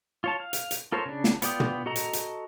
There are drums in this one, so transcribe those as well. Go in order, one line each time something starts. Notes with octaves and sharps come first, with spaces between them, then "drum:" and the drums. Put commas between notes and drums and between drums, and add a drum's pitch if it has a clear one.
F4 C#5 A5
F5
drum: hi-hat
drum: hi-hat
F4 A4 A#4 C5 C#5
C#3 D4
drum: snare
B3 F4 D5 G5 D#6, drum: hi-hat
drum: tom
F#4 A4 D#5 A#5
drum: hi-hat
drum: hi-hat